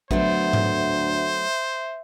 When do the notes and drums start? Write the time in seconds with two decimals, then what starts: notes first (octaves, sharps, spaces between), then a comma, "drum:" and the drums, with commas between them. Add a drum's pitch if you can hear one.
0.11 D2 F#3 A3 B3 C5 E5, drum: kick A#1
0.53 drum: tom G#2